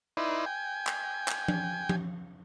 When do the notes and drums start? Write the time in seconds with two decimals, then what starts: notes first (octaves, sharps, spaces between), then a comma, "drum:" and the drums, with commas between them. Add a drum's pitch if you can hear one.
0.17 D#4 E4 B4 D5 C6
0.46 G5 G#5
0.87 drum: clap
1.28 drum: clap
1.48 drum: tom F3
1.89 drum: tom F3